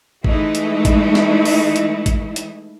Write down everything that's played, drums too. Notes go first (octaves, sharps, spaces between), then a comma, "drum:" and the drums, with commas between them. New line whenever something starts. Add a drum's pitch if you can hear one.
E3 G#3 A3 D#4 E4, drum: kick G#1
drum: hi-hat
drum: kick G#1, hi-hat
drum: snare
drum: open hi-hat
drum: hi-hat
drum: kick G#1, hi-hat
drum: hi-hat